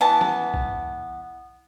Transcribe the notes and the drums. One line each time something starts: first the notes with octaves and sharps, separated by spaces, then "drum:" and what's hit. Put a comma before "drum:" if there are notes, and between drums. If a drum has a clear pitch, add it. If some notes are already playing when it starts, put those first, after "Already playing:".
E3 B3 A5
drum: snare
drum: kick A#1